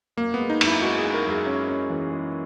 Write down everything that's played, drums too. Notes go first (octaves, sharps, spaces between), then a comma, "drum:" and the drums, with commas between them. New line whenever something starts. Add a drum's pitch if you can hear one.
F#2 A#3
G#3 B3
D#4
F#2, drum: cymbal
E4
G#3 F#4
G#3 G#4
A#4
F#2 G#4
C#4
C#4
E3
G#3